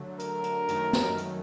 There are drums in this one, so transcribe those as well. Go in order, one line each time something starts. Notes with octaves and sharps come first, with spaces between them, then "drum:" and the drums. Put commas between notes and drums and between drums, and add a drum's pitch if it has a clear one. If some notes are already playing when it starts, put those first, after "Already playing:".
Already playing: D3 F#3 A3
A#4, drum: hi-hat
drum: hi-hat
F#2 D#3 F#3 A3, drum: hi-hat
drum: snare
drum: hi-hat